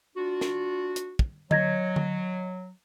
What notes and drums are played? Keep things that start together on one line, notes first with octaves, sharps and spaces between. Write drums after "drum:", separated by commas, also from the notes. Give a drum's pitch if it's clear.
D4 F4 F#4
drum: snare
drum: hi-hat
drum: kick
F#3 D#5 G#6 A#6, drum: tom D3
drum: tom D3